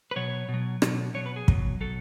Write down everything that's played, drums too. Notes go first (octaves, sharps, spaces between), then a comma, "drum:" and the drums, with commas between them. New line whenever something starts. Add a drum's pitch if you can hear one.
B4
B2 F#3 C#5
B2
F#3
B2 F#3, drum: rim click
B2 F#3 C#5
B4
G#4
B2 F#3, drum: kick
B2 F#3 A4